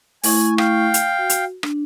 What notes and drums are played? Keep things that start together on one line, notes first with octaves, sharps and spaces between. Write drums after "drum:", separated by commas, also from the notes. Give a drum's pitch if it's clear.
A3 E4 G#5 C#6, drum: open hi-hat
F5 G5, drum: rim click
drum: hi-hat
F#4
drum: hi-hat
D4, drum: rim click